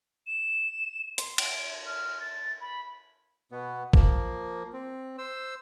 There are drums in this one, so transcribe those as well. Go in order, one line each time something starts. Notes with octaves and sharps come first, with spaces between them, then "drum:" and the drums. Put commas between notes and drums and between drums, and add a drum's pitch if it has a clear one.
E7
C6, drum: hi-hat
D7, drum: cymbal
F6
A6
B5
B2 B3
F3 A#3, drum: kick A1
C4
C5 E6